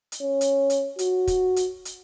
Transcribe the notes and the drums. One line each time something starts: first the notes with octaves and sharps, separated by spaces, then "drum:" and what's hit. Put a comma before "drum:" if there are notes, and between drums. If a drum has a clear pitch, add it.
drum: hi-hat
C#4
drum: hi-hat
drum: hi-hat
F#4, drum: hi-hat
drum: kick, hi-hat
drum: hi-hat
drum: hi-hat